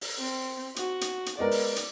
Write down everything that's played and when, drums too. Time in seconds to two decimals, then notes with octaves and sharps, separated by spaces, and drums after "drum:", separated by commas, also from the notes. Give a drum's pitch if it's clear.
0.01 drum: open hi-hat
0.19 C4
0.76 F#4, drum: hi-hat
1.01 drum: hi-hat
1.26 drum: hi-hat
1.39 G#3 B3 A#4 D5
1.51 drum: open hi-hat
1.76 drum: hi-hat